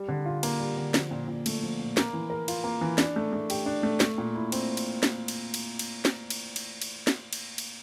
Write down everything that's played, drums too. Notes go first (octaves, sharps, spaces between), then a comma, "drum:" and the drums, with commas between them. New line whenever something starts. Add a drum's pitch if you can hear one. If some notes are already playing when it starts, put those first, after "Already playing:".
Already playing: G3
D3
F4
A#3, drum: cymbal
G3
D3
F3, drum: snare
A#2
A#2
A3, drum: cymbal
F3
A#2
A#3, drum: snare
E3
A#4
F4, drum: cymbal
A#3
E3
D4, drum: snare
A3
A3
G4, drum: cymbal
D4
A3
A3, drum: snare
A#2
E4
C4, drum: cymbal
drum: cymbal
drum: snare
drum: cymbal
drum: cymbal
drum: cymbal
drum: snare
drum: cymbal
drum: cymbal
drum: cymbal
drum: snare
drum: cymbal
drum: cymbal